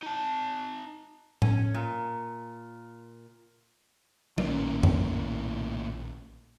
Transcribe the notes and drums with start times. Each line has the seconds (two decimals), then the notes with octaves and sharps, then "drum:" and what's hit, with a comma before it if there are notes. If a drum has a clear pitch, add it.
0.03 D#4 A5
1.42 C#4, drum: tom A2
1.74 A#2
4.38 A#1 A2 D#3 A#3 C#4, drum: tom
4.83 drum: tom F2